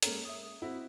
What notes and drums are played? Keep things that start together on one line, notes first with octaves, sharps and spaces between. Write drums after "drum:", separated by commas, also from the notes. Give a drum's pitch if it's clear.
G#3 A#3 C#4 A4 A#4, drum: hi-hat
E5 D#6
C4 E4 F#4